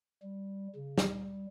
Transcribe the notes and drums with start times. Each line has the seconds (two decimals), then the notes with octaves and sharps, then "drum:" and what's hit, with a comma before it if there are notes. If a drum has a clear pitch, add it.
0.23 G3
0.76 C#3
0.98 drum: snare
1.08 G3